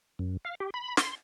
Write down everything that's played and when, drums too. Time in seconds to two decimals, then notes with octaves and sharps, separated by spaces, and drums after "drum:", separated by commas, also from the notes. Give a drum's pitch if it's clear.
0.19 F#2
0.45 F5
0.60 G4
0.74 B5
0.97 C6, drum: snare